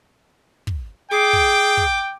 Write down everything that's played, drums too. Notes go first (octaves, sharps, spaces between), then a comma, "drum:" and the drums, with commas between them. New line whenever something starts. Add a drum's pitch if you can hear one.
drum: kick
G#4 G5 D6
drum: kick
drum: kick